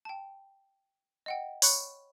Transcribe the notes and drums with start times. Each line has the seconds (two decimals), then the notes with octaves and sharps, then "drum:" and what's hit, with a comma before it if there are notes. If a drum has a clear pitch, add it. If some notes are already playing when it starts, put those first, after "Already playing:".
0.05 G5 A5
1.26 D#5 F#5 G5
1.62 C#5 B5 C#6 F#6 C#7, drum: open hi-hat